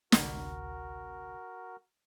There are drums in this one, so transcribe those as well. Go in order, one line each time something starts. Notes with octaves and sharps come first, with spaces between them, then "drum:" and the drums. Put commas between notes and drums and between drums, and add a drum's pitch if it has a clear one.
A1 D2 C3 F#4 A#4, drum: snare